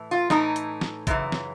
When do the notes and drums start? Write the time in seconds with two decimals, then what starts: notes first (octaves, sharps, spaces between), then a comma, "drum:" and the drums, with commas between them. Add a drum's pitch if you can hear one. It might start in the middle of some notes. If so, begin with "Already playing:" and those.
Already playing: A2 E3
0.11 F4
0.30 A2 E3 D#4, drum: snare
0.56 drum: hi-hat
0.81 drum: snare
1.07 F#2 C#3 E3, drum: kick, hi-hat
1.32 drum: snare